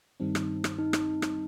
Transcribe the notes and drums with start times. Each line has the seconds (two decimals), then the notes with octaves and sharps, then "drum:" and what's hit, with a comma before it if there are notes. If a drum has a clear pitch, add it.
0.20 G2 D#3 G3 C4 D#4
0.35 drum: rim click
0.64 drum: rim click
0.78 D#4
0.93 drum: rim click
1.22 drum: rim click